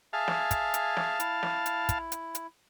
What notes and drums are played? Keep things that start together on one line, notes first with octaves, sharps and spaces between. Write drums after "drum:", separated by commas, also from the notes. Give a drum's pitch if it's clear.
G#4 E5 F5 G#5 A5
drum: snare
drum: kick, hi-hat
drum: hi-hat
drum: snare
E4, drum: hi-hat
drum: snare
drum: hi-hat
drum: kick, hi-hat
drum: hi-hat
drum: hi-hat